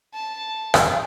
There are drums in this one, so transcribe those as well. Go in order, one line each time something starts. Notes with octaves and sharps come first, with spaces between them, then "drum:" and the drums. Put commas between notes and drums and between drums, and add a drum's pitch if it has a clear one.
A5
drum: rim click